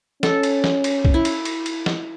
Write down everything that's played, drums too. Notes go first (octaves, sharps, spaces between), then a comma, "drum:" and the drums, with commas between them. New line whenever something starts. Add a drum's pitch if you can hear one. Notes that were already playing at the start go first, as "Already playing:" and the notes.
C#4 A4, drum: snare
drum: cymbal
drum: snare
drum: cymbal
drum: kick
E4
drum: cymbal
drum: cymbal
drum: cymbal
drum: snare